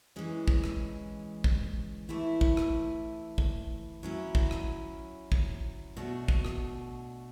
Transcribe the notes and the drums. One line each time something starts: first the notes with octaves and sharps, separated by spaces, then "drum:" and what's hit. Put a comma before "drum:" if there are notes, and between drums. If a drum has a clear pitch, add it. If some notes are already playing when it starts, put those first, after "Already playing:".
E3 G#3 C#4
drum: kick
drum: rim click
drum: kick
A2 E3 A3 E4
drum: kick
drum: rim click
drum: kick
F#3 C#4 E4
drum: kick
drum: rim click
drum: kick
B2 A3 D4 F#4
drum: kick
drum: rim click